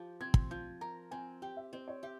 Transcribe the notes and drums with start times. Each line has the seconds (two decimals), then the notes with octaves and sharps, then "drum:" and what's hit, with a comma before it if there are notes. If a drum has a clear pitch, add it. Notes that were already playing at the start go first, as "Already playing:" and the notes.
Already playing: F3 G4
0.21 C4 G#6
0.34 drum: kick
0.51 F3 G6
0.81 A#4 A#5
1.11 C4 G#5
1.42 G4 G5
1.57 E5
1.73 C4 C5
1.88 C#5
2.03 G4 E5